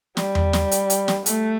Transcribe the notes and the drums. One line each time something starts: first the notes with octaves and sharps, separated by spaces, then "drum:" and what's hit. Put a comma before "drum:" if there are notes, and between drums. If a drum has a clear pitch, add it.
G3, drum: snare
drum: tom E2
drum: snare
drum: hi-hat
drum: hi-hat
drum: snare
A3, drum: hi-hat